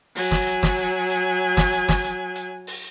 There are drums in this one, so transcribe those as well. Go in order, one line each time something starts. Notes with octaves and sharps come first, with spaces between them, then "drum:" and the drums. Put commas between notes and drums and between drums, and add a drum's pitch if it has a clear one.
F#3 G#5, drum: open hi-hat
drum: snare
drum: hi-hat
drum: snare
drum: hi-hat
drum: hi-hat
drum: snare
drum: hi-hat
drum: snare
drum: hi-hat
drum: hi-hat
drum: open hi-hat